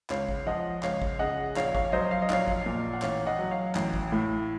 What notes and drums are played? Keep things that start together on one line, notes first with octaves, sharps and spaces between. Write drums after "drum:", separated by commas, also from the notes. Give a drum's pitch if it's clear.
C#2 C#5 F5, drum: clap
drum: kick
F3 D#5 F#5
C#2 C#5 F5, drum: clap
drum: kick
C#3 D#5 F#5
A#1 C#5 F5, drum: clap
C#5 F5, drum: kick
F#3 C5 D#5
F5
D#5
A#1 C#5 F5, drum: clap
drum: kick
A#2
F#5
A1 C#5 F5, drum: clap
D#5 F#5
F#3
C#5 F5
A1, drum: clap
drum: kick
A2